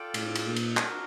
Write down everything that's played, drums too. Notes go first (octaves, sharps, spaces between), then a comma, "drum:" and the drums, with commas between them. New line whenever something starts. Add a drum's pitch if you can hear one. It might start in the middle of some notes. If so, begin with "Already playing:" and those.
Already playing: F4 A4 D5 G5
A2, drum: cymbal
drum: cymbal
A#2
drum: cymbal
D4 F#4 A#4, drum: clap